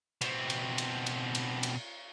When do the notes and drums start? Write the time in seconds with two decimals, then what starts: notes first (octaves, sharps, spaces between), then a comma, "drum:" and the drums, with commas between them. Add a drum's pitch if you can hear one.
0.21 B2 C4, drum: cymbal
0.50 drum: cymbal
0.78 drum: cymbal
1.06 drum: cymbal
1.35 drum: cymbal
1.63 drum: cymbal